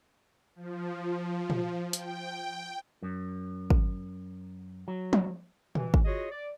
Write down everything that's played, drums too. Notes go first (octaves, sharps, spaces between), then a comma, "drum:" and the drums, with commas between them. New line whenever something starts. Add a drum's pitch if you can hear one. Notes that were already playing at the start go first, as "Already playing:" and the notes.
F3
drum: tom A#2
G5, drum: hi-hat
F#2
drum: kick
F#3
drum: tom
E3, drum: tom A#2
drum: kick
F4 F#4 G#4 C#5 D#5
D5